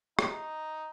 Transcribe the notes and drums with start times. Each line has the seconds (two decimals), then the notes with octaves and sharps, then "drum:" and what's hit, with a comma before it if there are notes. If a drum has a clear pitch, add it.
0.19 D#4, drum: rim click